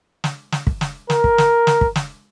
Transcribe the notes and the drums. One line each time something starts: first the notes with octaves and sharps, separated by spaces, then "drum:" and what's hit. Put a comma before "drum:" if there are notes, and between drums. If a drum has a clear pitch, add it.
drum: snare
drum: snare
drum: kick
drum: snare
A#4, drum: snare
drum: kick
drum: snare
drum: snare
drum: kick
drum: snare